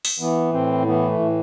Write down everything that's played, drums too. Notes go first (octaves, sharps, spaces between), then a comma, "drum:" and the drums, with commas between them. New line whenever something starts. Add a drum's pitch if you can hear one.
drum: open hi-hat
E3 B3
A2 C4
E3 B3
A3
A2